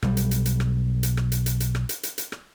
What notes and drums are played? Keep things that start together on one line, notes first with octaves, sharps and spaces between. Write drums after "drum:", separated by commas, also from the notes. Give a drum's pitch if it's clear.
B1 G3, drum: rim click
drum: hi-hat
drum: hi-hat
drum: hi-hat
drum: rim click
drum: hi-hat
drum: rim click
drum: hi-hat
drum: hi-hat
drum: hi-hat
drum: rim click
drum: hi-hat
drum: hi-hat
drum: hi-hat
drum: rim click